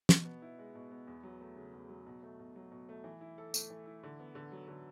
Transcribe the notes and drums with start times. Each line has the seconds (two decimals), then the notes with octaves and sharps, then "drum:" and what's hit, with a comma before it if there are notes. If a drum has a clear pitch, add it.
0.09 B2, drum: snare
0.25 B3
0.42 E4
0.59 G#3
0.75 B2
0.91 B3
1.07 E2
1.23 F#3
1.41 A3
1.57 C#3
1.73 E2
1.89 F#3
2.07 B2
2.23 A3
2.39 B2
2.56 F#3
2.72 B2
2.89 A3
3.04 E3
3.21 E4
3.38 A4
3.54 A3, drum: tambourine
3.70 E3
3.86 E4
4.04 D3
4.20 B3
4.35 D3
4.52 F#3
4.68 D3